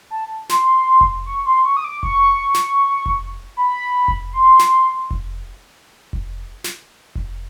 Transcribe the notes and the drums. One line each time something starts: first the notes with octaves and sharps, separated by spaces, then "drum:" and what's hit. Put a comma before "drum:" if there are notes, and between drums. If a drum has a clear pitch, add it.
A5
C6, drum: snare
drum: kick F1
C#6
C6
C#6
D#6
D6
C#6, drum: kick F1
drum: snare
drum: kick F1
B5
drum: kick F1
C6
drum: snare
drum: kick F1
drum: kick F1
drum: snare
drum: kick F1